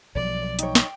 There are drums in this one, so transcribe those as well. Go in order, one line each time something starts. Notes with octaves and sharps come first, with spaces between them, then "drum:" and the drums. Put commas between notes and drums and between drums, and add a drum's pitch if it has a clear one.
B1 F3 G3 D5
D#4 C#5 G5, drum: hi-hat
drum: snare